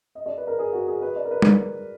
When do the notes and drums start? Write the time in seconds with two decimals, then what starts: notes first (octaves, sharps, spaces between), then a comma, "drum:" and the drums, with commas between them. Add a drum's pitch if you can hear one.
0.15 D#5
0.26 D5
0.38 B4
0.47 A#4
0.59 G#4
0.73 F#4
0.87 G#4
1.02 B4
1.16 D5
1.25 A#4
1.31 B4
1.42 drum: tom G3